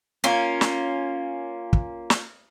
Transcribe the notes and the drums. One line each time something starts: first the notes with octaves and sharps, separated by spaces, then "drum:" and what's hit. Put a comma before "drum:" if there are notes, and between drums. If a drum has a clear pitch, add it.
A#3 C#4 F4
drum: snare
drum: kick
drum: snare